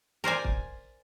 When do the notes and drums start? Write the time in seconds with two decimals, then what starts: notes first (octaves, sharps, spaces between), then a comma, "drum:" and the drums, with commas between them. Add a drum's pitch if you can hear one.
0.24 A#4 C5 D5 G#5
0.44 drum: kick